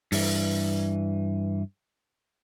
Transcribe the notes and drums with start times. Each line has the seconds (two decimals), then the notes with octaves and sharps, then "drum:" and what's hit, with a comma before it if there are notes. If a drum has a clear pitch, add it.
0.12 G2 E3, drum: open hi-hat